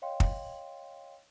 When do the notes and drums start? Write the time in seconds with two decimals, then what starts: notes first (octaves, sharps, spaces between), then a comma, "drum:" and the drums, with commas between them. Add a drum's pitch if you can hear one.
0.02 C#5 D#5 F5 G5 C6
0.20 drum: kick